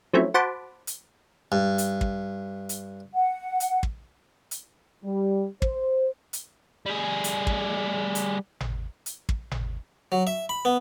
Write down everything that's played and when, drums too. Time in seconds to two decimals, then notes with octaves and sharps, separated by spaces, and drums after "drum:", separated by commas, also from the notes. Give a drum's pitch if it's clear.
0.13 F3 F#3 A3 C4 C#4 E4
0.34 F#4 C5 F#5 A5 B5 D6
0.87 drum: hi-hat
1.52 G2
1.78 drum: hi-hat
2.01 drum: kick
2.69 drum: hi-hat
3.15 F#5
3.60 drum: hi-hat
3.83 drum: kick
4.51 drum: hi-hat
5.04 G3
5.62 C5, drum: kick
6.33 drum: hi-hat
6.86 G3 G#4
7.24 drum: hi-hat
7.47 drum: kick
8.15 drum: hi-hat
8.60 drum: tom G#1
9.06 drum: hi-hat
9.29 drum: kick
9.51 drum: tom G#1
10.12 F#3
10.27 E5
10.49 B5
10.65 B3